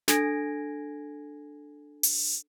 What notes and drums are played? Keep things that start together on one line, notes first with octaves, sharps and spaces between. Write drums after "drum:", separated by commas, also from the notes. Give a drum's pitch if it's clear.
D4 A4 G#5 G#6 A#6 D7, drum: snare
drum: open hi-hat